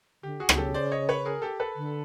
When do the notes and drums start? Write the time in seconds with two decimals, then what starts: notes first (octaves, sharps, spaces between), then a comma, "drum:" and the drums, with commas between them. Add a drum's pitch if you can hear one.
0.23 D3 G4
0.40 F#4 G#4
0.49 C#3, drum: rim click
0.57 G4 A4
0.74 C5 D5
0.91 C#5 D#5
1.09 B4 C#5
1.25 G#4 A#4
1.42 G4 A4
1.60 A4 B4
1.76 D3